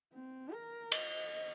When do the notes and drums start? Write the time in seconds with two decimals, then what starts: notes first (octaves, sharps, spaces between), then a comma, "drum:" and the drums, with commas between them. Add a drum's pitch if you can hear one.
0.14 C4
0.53 A#4
0.92 D#5, drum: cymbal